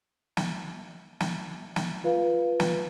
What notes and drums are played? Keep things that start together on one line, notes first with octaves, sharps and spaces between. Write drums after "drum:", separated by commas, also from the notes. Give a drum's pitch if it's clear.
drum: snare
drum: snare
drum: snare
F4 B4 F5
drum: snare